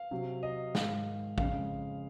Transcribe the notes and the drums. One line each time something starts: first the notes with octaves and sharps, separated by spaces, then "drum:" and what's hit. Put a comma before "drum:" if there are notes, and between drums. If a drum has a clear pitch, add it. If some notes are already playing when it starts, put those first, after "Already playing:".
Already playing: F5
C3 F#3
D#5
G#2 D#3 G#3 F5, drum: snare
F2 C#3 G#3 F5, drum: kick